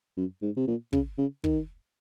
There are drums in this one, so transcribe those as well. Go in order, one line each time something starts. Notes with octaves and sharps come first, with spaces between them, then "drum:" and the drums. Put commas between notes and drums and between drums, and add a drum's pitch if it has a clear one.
F#2
G#2
C3
A#2
C#3, drum: kick
C#3
D#3, drum: kick